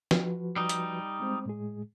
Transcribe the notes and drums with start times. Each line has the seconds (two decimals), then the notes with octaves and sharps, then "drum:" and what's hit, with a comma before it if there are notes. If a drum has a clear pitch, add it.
0.11 F3 F#4 B4, drum: snare
0.56 G3 D#4
0.69 drum: hi-hat
1.20 G#3 C4 C5
1.46 A2 G#3 G#4